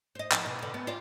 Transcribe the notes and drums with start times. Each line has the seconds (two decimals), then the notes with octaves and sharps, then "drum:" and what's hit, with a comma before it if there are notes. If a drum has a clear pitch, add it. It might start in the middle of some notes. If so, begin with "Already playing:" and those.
0.15 C5 D#5
0.31 F3 E4, drum: clap
0.46 B2
0.59 B2 D3
0.74 B3
0.87 F4 C5 D5